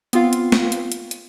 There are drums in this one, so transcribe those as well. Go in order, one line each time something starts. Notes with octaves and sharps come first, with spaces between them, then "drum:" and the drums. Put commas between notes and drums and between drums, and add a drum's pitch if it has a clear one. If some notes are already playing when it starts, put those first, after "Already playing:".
B3 C4 F4 F5, drum: hi-hat
drum: hi-hat
drum: snare
drum: hi-hat
drum: hi-hat
drum: hi-hat